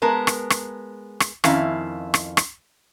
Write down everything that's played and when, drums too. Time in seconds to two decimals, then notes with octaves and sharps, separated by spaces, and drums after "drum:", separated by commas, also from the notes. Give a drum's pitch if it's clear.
0.02 G#3 B3 A#4 A5
0.27 drum: rim click
0.50 drum: rim click
1.20 drum: rim click
1.44 F2 D#3 C#4 E4 F5, drum: rim click
2.14 drum: rim click
2.37 drum: rim click